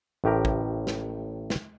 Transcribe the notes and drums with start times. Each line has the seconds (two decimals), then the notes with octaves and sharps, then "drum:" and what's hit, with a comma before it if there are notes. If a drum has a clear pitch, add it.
0.24 A1 A2 G4 A#4
0.45 drum: kick
0.87 drum: snare
1.50 drum: snare